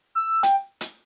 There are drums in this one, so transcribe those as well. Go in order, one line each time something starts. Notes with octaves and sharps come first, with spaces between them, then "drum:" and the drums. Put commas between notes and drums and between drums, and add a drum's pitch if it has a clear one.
E6
G5, drum: hi-hat
drum: hi-hat